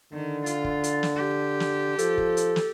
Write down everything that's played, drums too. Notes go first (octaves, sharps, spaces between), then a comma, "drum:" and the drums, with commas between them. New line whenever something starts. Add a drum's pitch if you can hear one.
D3 D#3
F4, drum: hi-hat
drum: kick
drum: hi-hat
drum: snare
G4
drum: snare
F3 A4, drum: hi-hat
drum: kick
drum: hi-hat
drum: snare